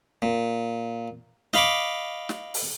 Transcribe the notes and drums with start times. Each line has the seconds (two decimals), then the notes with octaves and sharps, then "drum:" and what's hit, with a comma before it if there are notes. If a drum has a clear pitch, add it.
0.22 A#2
1.53 D#5 F5 B5 C#6 D6, drum: snare
2.29 drum: snare
2.54 drum: open hi-hat